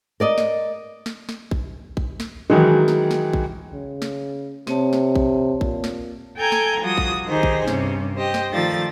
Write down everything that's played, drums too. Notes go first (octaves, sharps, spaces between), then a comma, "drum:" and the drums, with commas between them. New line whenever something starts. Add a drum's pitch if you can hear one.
A#4 D5 D#5
drum: snare
drum: snare
drum: snare
drum: kick
drum: kick
drum: snare
D#3 E3 F#3 G#3
drum: snare
drum: snare
drum: kick
C#3
drum: snare
C3 C4 C#5 A5, drum: snare
drum: snare
drum: kick
A#2, drum: kick
drum: snare
A4 G5 G#5 A#5 G6 G#6
drum: snare
F3 G3 F#4 D#6
drum: kick
D#3 D#4 G4 G#4 C5
drum: kick
G2 C3 C#4, drum: snare
G4 C5 D#5 G5
drum: snare
D#3 F3 A3 D5 A6